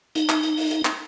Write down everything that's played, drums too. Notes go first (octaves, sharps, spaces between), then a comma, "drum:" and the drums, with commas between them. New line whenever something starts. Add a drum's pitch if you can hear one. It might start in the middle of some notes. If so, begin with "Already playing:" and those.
D#4, drum: hi-hat
drum: clap
drum: hi-hat
drum: open hi-hat
drum: hi-hat
drum: clap